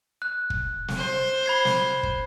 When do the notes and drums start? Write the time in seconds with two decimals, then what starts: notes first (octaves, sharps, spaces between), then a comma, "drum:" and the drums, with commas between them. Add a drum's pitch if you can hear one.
0.22 F#6
0.50 drum: kick
0.88 drum: snare
0.98 C5
1.46 B5 G#6 C7
1.65 drum: snare
2.03 drum: kick